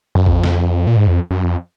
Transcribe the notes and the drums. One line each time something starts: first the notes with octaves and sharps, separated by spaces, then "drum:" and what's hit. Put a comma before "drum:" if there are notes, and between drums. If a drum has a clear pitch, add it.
F#2
F2, drum: kick
drum: snare
A#2
G#2
F2
F#2
F2